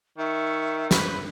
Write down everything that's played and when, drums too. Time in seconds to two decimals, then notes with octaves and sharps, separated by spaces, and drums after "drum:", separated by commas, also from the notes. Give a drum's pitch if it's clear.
0.18 D#3 E5 C#6
0.91 B4 B5, drum: snare